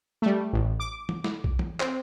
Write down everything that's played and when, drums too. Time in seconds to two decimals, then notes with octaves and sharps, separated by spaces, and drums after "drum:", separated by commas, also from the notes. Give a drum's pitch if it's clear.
0.22 G3 A3
0.53 A1
0.80 D6
1.09 drum: tom
1.24 drum: snare
1.44 drum: kick B1
1.59 drum: tom
1.80 C4, drum: clap